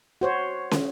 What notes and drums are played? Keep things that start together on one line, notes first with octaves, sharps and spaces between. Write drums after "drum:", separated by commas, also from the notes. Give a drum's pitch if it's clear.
F#4 C5 C#5
drum: snare